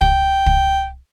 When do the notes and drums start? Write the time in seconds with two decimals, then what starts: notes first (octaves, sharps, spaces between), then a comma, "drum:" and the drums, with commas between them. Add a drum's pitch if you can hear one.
0.01 G5, drum: kick
0.46 drum: kick